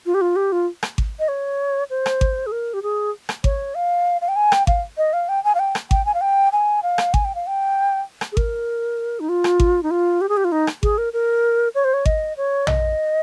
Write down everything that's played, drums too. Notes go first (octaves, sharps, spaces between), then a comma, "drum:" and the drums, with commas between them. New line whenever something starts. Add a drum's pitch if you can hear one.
F4
G4
F4
G4
F4
drum: rim click
drum: kick G#1
D#5
C#5
C5
drum: rim click
drum: kick G#1
G#4
A#4
G4
G#4
drum: rim click
C#5, drum: kick G#1
F5
F5
G5
G#5
G5, drum: rim click
F5, drum: kick G#1
D#5
F5
G5
G#5
F5
G5
drum: rim click
G5, drum: kick G#1
G#5
F5
G5
G#5
F5
drum: rim click
G#5, drum: kick G#1
G5
F5
G5
drum: rim click
G#4
A#4, drum: kick G#1
D#4
F4
drum: rim click
drum: kick G#1
D#4
F4
G4
G#4
G4
F4
D#4
drum: rim click
G#4, drum: kick G#1
A#4
A#4
C#5
C5
C#5
D#5, drum: kick G#1
C#5
D#5, drum: tom A#1